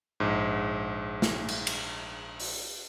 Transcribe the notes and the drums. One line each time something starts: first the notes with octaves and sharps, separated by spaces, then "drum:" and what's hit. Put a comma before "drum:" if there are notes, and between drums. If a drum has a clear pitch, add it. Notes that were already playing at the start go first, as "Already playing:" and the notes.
A#1 G#2
drum: snare
drum: cymbal
drum: cymbal
drum: open hi-hat